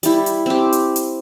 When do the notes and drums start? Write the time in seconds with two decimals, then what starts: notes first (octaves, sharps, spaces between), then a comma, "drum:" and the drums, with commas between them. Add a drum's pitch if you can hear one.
0.03 G3 E4, drum: hi-hat
0.26 drum: hi-hat
0.46 C4 G4
0.73 drum: hi-hat
0.96 drum: hi-hat